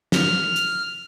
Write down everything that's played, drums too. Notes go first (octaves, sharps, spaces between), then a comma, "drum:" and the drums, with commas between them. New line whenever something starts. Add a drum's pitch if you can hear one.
F6, drum: snare
drum: hi-hat